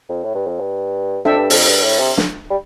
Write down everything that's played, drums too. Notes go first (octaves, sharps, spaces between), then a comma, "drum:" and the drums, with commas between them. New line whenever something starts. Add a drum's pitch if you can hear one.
F2
A2
G2
F2
G2
F2 D4 A4 E5 G5
G2
F2, drum: open hi-hat
G2
A2
C3
drum: snare
G3